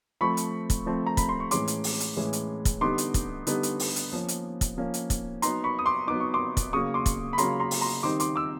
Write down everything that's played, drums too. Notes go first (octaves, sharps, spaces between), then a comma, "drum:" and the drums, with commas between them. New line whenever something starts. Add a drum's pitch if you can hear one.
F3 A3 C4 B5 C#6
drum: hi-hat
drum: kick, hi-hat
F3 A3 C4
A#5
B5, drum: kick, hi-hat
C6
C#6
A2 E3 G#3 C#4 C6 D6, drum: hi-hat
drum: hi-hat
drum: open hi-hat
drum: hi-hat
A2 E3 G#3 C#4
drum: hi-hat
drum: kick, hi-hat
D3 G3 B3 D#4 C6 D6
drum: hi-hat
drum: kick, hi-hat
D3 G3 B3 D#4, drum: hi-hat
drum: hi-hat
drum: open hi-hat
drum: hi-hat
F3 A#3 C#4
drum: hi-hat
drum: kick, hi-hat
F3 A#3 C#4
drum: hi-hat
drum: kick, hi-hat
F#3 B3 D#4 A#5 C6, drum: hi-hat
B5 C#6
D#6
C6 D6
F#3 B3 D#4 D6
C#6
C6 D6
drum: kick, hi-hat
C#3 F#3 A#3 C#6 D#6
C6 D6
drum: kick, hi-hat
B5
C#3 F#3 A#3 A#5 C6, drum: hi-hat
A#5 C6
drum: open hi-hat
A#5 C6
D#3 G3 C4 D#4 C6 D6
C6 D6, drum: hi-hat
D6 E6